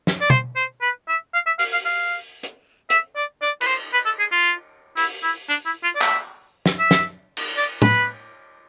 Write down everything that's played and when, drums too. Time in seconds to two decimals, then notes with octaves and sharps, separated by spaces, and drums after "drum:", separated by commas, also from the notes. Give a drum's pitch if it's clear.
0.07 drum: snare
0.21 D5
0.30 C5, drum: tom
0.56 C5
0.82 B4
1.08 E5
1.34 F5
1.47 E5
1.59 F5, drum: open hi-hat
1.73 F5
1.85 F5
2.43 drum: hi-hat
2.90 E5, drum: hi-hat
3.16 D5
3.42 D5
3.61 B4, drum: cymbal
3.67 C5
3.93 B4
4.06 A4
4.19 G#4
4.32 F4
4.97 E4, drum: open hi-hat
5.23 E4
5.49 D4
5.66 E4
5.83 F4
5.95 D5
6.01 E5, drum: clap
6.66 drum: snare
6.79 E5
6.91 drum: snare
7.37 drum: cymbal
7.57 D5
7.82 B4, drum: tom